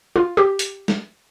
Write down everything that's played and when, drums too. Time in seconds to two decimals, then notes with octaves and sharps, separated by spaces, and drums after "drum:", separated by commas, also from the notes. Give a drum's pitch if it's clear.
0.16 F4
0.37 G4
0.59 drum: hi-hat
0.88 drum: snare